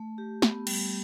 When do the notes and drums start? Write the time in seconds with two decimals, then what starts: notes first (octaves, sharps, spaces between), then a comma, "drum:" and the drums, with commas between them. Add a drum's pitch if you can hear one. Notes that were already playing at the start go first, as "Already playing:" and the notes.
Already playing: A3
0.18 G4
0.42 B3, drum: snare
0.67 G3, drum: cymbal